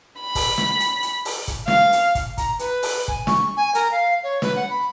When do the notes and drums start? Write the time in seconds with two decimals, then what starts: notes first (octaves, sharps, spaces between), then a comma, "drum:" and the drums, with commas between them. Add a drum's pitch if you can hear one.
0.21 B5
0.35 drum: kick, open hi-hat
0.58 drum: snare
0.80 drum: hi-hat
1.03 drum: hi-hat
1.25 drum: open hi-hat
1.48 drum: kick, hi-hat
1.68 F5, drum: snare
1.93 drum: hi-hat
2.15 drum: kick, hi-hat
2.38 A#5, drum: kick, hi-hat
2.59 B4, drum: hi-hat
2.83 drum: open hi-hat
3.08 G#5, drum: kick
3.27 C#6, drum: snare
3.57 G#5
3.75 A#4, drum: hi-hat
3.91 F5
4.23 C#5
4.42 B4, drum: snare
4.56 F#5
4.70 B5